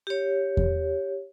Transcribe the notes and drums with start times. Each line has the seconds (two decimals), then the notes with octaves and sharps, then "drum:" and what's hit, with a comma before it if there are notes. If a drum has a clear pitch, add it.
0.07 G4 C#5
0.57 drum: kick E2